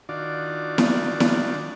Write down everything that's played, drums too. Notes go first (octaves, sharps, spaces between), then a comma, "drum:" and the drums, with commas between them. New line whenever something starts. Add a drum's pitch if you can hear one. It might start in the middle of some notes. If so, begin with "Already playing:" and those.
D#3 D4 F4 F#4 D5
drum: snare E4
drum: snare E4